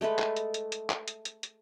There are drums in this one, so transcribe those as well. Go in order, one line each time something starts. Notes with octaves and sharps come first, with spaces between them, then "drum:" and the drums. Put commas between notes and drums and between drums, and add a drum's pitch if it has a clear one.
G#3 A3 A4 B4
drum: clap
drum: hi-hat
drum: hi-hat
drum: hi-hat
drum: clap
drum: hi-hat
drum: hi-hat
drum: hi-hat